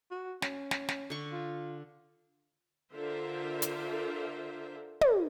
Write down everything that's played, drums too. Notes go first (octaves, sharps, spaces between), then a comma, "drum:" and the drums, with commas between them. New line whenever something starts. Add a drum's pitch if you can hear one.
F#4
C#4, drum: snare
drum: snare
drum: snare
D3 C#6
F4
D3 F4 A#4 C5 E5
drum: hi-hat
drum: tom